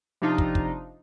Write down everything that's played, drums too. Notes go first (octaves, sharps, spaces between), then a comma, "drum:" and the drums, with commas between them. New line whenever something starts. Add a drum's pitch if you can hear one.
C3 F3 D4 D#4 F4
drum: kick
drum: kick